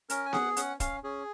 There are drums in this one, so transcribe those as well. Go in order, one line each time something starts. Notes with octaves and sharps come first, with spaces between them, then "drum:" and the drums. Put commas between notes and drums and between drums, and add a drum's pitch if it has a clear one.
C#4 A#4, drum: hi-hat
G#5
G#4 F#5, drum: snare B3
C#4 F#5, drum: hi-hat
C#4 F5, drum: kick, hi-hat
C#4 G#4